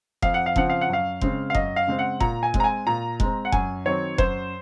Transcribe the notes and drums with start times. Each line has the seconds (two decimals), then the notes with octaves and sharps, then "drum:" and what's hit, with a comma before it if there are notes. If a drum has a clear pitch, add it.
0.22 F2 F5, drum: kick F1
0.34 F#5
0.46 F5
0.56 C#3 F3 C4 F#5, drum: kick F1
0.70 F5
0.81 F#5
0.89 F#2 F5
1.21 C#3 G#3 C4, drum: kick F1
1.50 F5
1.55 F#2 D#5, drum: kick F1
1.76 F5
1.87 C#3 G#3 C4
1.99 F#5
2.20 A#2 A#5, drum: kick F1
2.43 G#5
2.54 G#3 C4, drum: kick F1
2.60 A#5
2.64 G#5
2.87 A#2 A#5
3.20 G#3 C4, drum: kick F1
3.45 F#5
3.52 F#2 G#5, drum: kick F1
3.85 D#3 F#3 C4 C#5
4.18 F#2 C5, drum: kick F1